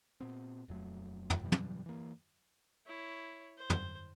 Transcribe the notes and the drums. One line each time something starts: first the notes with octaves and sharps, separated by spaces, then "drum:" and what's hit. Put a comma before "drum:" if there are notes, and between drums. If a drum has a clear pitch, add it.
A#2 B3 C4
D#1 F2 F#3 A3
drum: tom
B2 E3 G3
drum: tom
E3 A#3
E4 C#5
C5
drum: tom